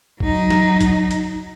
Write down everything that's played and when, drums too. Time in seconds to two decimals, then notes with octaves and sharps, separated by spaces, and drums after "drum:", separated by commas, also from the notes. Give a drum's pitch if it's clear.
0.20 F#3 D#4, drum: kick A1
0.50 drum: snare
0.81 drum: kick A1, hi-hat
1.11 drum: hi-hat